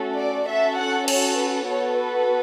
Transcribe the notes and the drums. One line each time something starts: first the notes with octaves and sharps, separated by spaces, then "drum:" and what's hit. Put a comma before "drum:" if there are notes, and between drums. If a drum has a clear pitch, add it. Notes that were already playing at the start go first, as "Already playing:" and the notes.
Already playing: A3 C#4 F#4 A4
D5
C#4 F#4 A4 E5
F#5
C#5, drum: cymbal
B4
B3 F#4 A4 C#5
B4